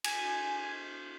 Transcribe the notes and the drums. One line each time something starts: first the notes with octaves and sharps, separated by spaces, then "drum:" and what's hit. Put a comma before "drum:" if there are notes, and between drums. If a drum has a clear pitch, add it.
G#5, drum: cymbal